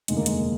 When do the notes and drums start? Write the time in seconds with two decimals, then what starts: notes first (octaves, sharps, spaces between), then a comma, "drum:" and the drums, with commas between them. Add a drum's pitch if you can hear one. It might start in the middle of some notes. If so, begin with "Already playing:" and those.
0.08 F1 D#2 D3 G#3, drum: hi-hat
0.17 A#3
0.26 G#3, drum: hi-hat